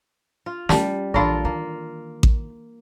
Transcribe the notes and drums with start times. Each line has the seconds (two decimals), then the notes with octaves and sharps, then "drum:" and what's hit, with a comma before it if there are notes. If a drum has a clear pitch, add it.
0.46 F4
0.69 G3 C#4 A5, drum: snare
1.14 A#1 E3 F3 D4 F4 A4 A#4
1.45 D#3 A#3
2.23 drum: kick A1